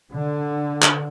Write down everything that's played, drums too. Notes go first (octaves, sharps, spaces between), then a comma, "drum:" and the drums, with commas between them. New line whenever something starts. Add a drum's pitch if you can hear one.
D3
drum: clap